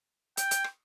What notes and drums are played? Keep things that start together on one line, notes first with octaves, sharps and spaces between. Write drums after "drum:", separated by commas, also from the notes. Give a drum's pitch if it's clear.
G5, drum: hi-hat
drum: hi-hat
drum: rim click